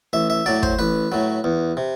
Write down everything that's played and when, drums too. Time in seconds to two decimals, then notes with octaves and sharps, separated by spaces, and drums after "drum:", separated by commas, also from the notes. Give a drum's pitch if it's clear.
0.13 A1 E5
0.30 E5
0.46 A2 F#3 D5
0.63 C5, drum: kick
0.79 A1 B4
1.12 A2 F#3
1.44 E2
1.77 C3